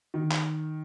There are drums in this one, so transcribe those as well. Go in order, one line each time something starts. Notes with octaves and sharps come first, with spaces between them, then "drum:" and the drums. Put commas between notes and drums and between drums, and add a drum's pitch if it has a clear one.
D#3
drum: clap